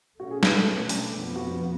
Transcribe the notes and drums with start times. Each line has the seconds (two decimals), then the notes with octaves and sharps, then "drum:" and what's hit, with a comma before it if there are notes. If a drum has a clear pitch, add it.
0.19 B2 A3 C#4 F#4
0.31 G#4
0.43 B4, drum: snare
0.54 A4
0.89 D4, drum: open hi-hat
1.13 F2 F3 B3
1.36 F#4